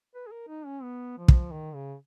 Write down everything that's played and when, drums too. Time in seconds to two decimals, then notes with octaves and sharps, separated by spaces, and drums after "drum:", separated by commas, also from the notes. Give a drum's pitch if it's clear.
0.15 B4
0.27 G#4
0.32 A#4
0.48 D#4
0.66 C#4
0.83 B3
1.18 F3
1.28 drum: kick
1.52 D#3
1.74 C#3